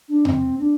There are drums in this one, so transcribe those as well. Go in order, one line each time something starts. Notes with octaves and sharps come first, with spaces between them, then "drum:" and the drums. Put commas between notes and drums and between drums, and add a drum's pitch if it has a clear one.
D4
C4, drum: tom E2
D4